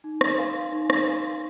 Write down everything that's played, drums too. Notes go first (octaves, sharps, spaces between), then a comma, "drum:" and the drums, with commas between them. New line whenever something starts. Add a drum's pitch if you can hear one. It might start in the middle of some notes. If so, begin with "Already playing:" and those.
D#4
drum: rim click
A#4 F5 G#5 C6
D#4
drum: rim click
A#4 F5 G#5 C6